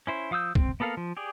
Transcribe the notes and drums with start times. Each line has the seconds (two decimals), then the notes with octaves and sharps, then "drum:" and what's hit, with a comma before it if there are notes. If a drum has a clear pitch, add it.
0.07 C#4 E4 C5
0.31 F3 F5 D#6 E6 G6
0.55 C4, drum: kick
0.80 A#3 B3 A4 A#4 F5
0.97 F3
1.17 G4 G#4 D5